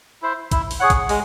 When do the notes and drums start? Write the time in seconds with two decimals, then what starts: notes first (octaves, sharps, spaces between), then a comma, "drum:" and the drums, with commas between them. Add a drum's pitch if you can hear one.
0.22 E4 C5
0.51 E4, drum: kick, hi-hat
0.71 drum: open hi-hat
0.80 G#4 C#5 F#5
0.90 drum: kick, hi-hat
1.09 G#3, drum: open hi-hat